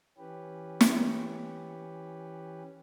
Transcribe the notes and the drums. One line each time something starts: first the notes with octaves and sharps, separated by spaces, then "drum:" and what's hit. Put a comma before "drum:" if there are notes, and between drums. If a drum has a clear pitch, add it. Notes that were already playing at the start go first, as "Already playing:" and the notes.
E3 C#4 G4 B4
drum: snare